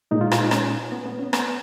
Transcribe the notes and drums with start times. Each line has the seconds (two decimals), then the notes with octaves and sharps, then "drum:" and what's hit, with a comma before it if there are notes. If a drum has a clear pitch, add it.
0.11 A#2 G#3 D#4
0.21 F4
0.32 F4, drum: rim click
0.42 D#4
0.51 C#4, drum: rim click
0.92 B3
1.06 B3
1.19 C#4
1.33 B3, drum: rim click